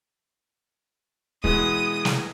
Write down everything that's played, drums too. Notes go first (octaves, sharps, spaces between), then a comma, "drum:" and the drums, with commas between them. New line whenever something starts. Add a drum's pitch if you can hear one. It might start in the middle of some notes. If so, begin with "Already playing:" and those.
B2 E3 G#3 D#6, drum: kick
drum: snare